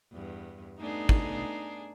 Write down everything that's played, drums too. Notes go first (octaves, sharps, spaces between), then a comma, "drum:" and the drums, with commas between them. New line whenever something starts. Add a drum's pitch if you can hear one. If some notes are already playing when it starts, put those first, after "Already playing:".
E2 G2
A3 B3 D4 D#4 G#4
drum: kick